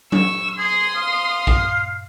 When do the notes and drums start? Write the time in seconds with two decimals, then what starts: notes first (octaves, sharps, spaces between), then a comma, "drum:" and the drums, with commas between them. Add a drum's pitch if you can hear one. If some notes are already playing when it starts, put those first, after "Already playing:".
0.12 C#6 E6, drum: tom F#3
0.58 G#4 C6 D#6
0.96 F5
1.47 drum: kick A#1